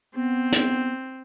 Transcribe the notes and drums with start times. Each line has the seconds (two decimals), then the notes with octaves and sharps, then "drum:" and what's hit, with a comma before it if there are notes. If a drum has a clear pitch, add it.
0.15 B3 C4
0.52 drum: hi-hat